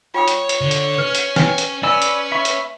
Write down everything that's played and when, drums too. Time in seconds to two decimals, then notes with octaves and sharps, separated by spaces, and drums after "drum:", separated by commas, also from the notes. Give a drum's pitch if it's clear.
0.14 F4 C#5 G5 D#6
0.28 drum: hi-hat
0.49 drum: hi-hat
0.61 D3
0.71 drum: hi-hat
0.98 C#4 B4
1.15 drum: hi-hat
1.36 B4 G5 G#5, drum: snare
1.58 drum: hi-hat
1.83 C#4 B4 D5 G#5 B5 E6
2.02 drum: hi-hat
2.32 E5 B5 C#6
2.45 drum: hi-hat